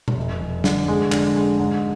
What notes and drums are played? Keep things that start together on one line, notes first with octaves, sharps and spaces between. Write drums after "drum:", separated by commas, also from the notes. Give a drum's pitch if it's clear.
drum: tom B2
F1
F1
D3, drum: snare
G#3
D3, drum: clap
G#3
G#2